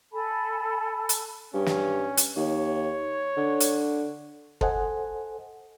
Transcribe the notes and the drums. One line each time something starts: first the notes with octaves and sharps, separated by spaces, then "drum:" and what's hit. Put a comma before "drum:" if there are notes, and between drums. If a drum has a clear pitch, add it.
A4 G#5 A5 B5
drum: hi-hat
G2 C#4
drum: snare
drum: hi-hat
D#2 C#5
D3
drum: hi-hat
A4 C5 D#5 F#5 G#5, drum: kick